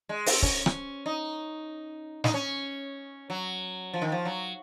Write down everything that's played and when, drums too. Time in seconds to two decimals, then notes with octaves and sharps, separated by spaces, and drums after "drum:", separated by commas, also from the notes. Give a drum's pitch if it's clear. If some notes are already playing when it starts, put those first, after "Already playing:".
0.09 G#3
0.26 C4, drum: open hi-hat
0.42 C#4, drum: kick
0.66 drum: rim click
1.06 D#4
2.24 D#4, drum: snare
2.34 C#4
3.30 F#3
3.94 F3
4.02 D#3
4.12 F3
4.25 F#3